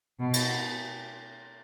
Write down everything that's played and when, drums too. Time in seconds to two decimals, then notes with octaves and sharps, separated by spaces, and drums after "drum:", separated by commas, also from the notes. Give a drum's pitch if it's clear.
0.20 B2
0.34 drum: cymbal